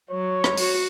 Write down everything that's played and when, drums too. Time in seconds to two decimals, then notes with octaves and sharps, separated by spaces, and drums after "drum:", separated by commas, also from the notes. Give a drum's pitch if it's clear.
0.11 F#3 C#5
0.44 drum: rim click
0.57 F#4, drum: open hi-hat